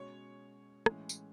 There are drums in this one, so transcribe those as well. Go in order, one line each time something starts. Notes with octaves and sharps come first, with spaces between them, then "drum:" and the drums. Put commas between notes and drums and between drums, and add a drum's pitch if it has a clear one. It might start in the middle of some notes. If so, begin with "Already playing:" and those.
Already playing: B2 G#3 C#4 C#5
A2 E3 G#3 C#4, drum: rim click
drum: tambourine